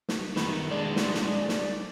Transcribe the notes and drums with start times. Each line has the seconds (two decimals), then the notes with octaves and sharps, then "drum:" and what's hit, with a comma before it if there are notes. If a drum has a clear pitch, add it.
0.09 drum: snare
0.36 D#3 B3 B5, drum: snare
0.71 G#3 D4 D5
0.96 drum: snare
1.14 drum: snare
1.49 drum: snare